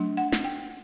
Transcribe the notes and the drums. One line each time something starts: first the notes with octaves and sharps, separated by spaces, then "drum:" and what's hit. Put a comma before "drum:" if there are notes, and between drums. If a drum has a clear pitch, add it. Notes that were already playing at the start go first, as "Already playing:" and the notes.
Already playing: F#3 A3 D4
F#5
drum: snare
G5